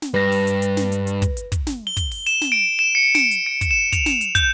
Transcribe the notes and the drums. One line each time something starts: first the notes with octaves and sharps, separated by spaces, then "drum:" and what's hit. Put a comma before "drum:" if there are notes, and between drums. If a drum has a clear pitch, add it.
drum: snare
G2 B4 A#6
drum: open hi-hat
drum: hi-hat
drum: hi-hat
drum: snare
drum: hi-hat
drum: hi-hat
drum: kick, hi-hat
drum: hi-hat
drum: kick, hi-hat
drum: snare
G7
drum: kick, hi-hat
drum: open hi-hat
E7, drum: open hi-hat
drum: snare
D7
E7
C#7
D7, drum: snare
drum: hi-hat
D7
drum: kick, hi-hat
E7
F7, drum: kick, hi-hat
drum: snare
drum: hi-hat
G6, drum: kick, hi-hat